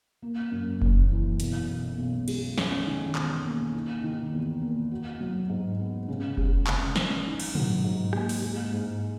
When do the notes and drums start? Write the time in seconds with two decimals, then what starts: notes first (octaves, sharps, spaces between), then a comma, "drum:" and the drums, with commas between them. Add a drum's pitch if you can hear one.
0.22 A#3
0.52 F#2
0.82 F#1, drum: kick F1
1.11 E3
1.40 B1, drum: hi-hat
1.69 B2
1.98 B1
2.28 G#3, drum: cymbal
2.58 C#4, drum: snare
2.87 D#3
3.15 E2, drum: clap
3.45 A#3
3.74 D#4
4.04 D#3
4.33 E2
4.62 A#3
4.91 F#4
5.21 F#3
5.49 G#2
5.79 B3
6.08 C#3
6.37 G#3, drum: kick F1
6.67 C#3, drum: clap
6.96 C#4, drum: snare
7.26 D#4
7.40 drum: cymbal
7.55 F#3, drum: tom
7.84 G#2
8.13 A#3, drum: rim click
8.29 drum: open hi-hat
8.42 G#3
8.73 G#2